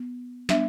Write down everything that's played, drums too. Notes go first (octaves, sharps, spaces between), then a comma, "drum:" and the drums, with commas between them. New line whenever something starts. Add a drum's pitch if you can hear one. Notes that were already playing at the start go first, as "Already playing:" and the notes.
Already playing: B3
G3 B3 D4 E5, drum: snare